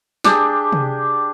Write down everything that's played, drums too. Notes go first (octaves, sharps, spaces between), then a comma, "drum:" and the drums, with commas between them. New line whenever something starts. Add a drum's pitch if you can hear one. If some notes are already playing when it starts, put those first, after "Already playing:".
D4 G4 G#4, drum: snare
drum: tom C3